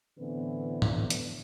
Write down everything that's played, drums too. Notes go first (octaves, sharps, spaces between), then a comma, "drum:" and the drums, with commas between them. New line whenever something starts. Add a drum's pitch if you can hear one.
A2 D3 E3 B3 C4 B4
drum: tom G#2
drum: hi-hat